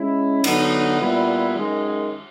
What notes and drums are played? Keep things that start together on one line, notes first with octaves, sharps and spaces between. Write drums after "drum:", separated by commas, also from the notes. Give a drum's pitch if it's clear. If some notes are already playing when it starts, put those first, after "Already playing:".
Already playing: G#3 C#4 E4
D3 F#3 B3 D#4, drum: cymbal
A#2 G3 B3 E4
F#2 D#3 G#3